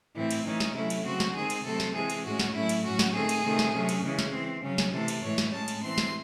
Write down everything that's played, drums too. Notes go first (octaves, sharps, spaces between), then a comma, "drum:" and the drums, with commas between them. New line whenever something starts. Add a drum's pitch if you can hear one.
A2 E3 C4 E4
drum: cymbal
E3 A3 C#4 D#4
drum: snare
C3 F#3 A3 C#4 E4
drum: cymbal
C#3 F#3 C4 F#4
drum: snare
D#3 G#3 C4 G#4
drum: cymbal
C3 F#3 A3 C4 A4
drum: snare
E3 G#3 C4 G#4
drum: cymbal
A2 G#3 C#4 F#4
drum: snare
A2 F#3 A3 C#4 E4
drum: cymbal
A2 F#3 C#4 F#4
drum: snare
D#3 A3 C4 G#4
drum: cymbal
C3 D#3 A3 C4
drum: snare
C3 F#3 A3 C#4
drum: cymbal
C#3 E3 G#3 C#4
drum: snare
E3 C4
C#3 F#3 C#4
drum: snare
C3 E3 A3 A4
drum: cymbal
A2 E3 G#3 C#5
drum: snare
A2 G#3 C#4 A5
drum: cymbal
E3 C4 C6
drum: snare